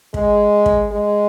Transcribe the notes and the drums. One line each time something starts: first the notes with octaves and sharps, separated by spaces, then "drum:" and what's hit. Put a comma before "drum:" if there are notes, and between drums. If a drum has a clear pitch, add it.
G#3, drum: kick
drum: kick
G#3